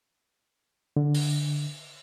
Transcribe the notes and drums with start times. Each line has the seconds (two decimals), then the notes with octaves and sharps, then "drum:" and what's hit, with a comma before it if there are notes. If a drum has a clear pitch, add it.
0.96 D3
1.15 drum: open hi-hat